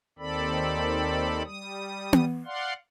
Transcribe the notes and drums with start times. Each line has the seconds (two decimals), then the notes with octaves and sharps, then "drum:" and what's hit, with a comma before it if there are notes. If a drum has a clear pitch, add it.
0.19 D#2 D#3 C4 A4 D5 B5
1.45 G3 D#6
2.13 drum: tom B3
2.45 D5 F5 F#5 C6